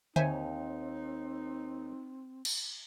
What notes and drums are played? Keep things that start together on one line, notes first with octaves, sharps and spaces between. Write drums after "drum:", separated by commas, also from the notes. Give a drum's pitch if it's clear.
D#2 C4 D#4 C5 C#5 E5 G#5, drum: tom D3
drum: cymbal